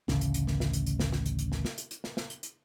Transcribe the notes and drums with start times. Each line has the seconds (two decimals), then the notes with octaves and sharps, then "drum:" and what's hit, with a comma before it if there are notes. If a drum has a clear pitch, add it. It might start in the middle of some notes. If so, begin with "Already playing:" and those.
0.08 A1 D2 C#3 C#4, drum: snare
0.21 drum: hi-hat
0.34 drum: hi-hat
0.47 drum: snare
0.60 drum: snare
0.73 drum: hi-hat
0.86 drum: hi-hat
0.99 drum: snare
1.13 drum: snare
1.26 drum: hi-hat
1.39 drum: hi-hat
1.52 drum: snare
1.65 drum: snare
1.78 drum: hi-hat
1.91 drum: hi-hat
2.04 drum: snare
2.17 drum: snare
2.30 drum: hi-hat
2.43 drum: hi-hat